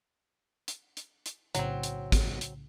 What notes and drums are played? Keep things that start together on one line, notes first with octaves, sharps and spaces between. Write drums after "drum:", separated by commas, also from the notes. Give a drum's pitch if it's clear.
drum: hi-hat
drum: hi-hat
drum: hi-hat
B1 A2 C#3 F#3 C4, drum: hi-hat
drum: hi-hat
drum: kick, hi-hat
drum: hi-hat